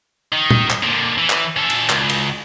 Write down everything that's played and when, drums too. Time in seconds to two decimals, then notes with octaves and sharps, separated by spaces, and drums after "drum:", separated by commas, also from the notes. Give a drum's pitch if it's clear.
0.32 D#3
0.51 drum: tom
0.70 drum: clap
0.82 A#2 D3
1.18 E3
1.30 drum: clap
1.57 C#4 A4
1.70 drum: cymbal
1.90 C#2, drum: clap
2.09 drum: cymbal